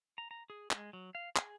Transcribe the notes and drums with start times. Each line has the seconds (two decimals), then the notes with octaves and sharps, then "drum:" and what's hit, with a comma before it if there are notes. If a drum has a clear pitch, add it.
0.18 A#5
0.31 A#5
0.50 G#4
0.71 G#3, drum: clap
0.93 F#3
1.15 F5
1.36 G#4, drum: clap